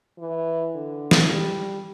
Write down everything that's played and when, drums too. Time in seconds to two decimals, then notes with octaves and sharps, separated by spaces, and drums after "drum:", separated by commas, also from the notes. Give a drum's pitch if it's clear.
0.19 E3
0.75 D3
1.11 drum: snare
1.30 G3